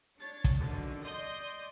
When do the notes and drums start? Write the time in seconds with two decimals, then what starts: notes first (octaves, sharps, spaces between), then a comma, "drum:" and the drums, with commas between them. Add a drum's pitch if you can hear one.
0.17 D4 C#5 A6
0.44 drum: kick, hi-hat
0.57 F#2 B2 D3 D#3
1.03 D5 D#5 C6 D#6 G6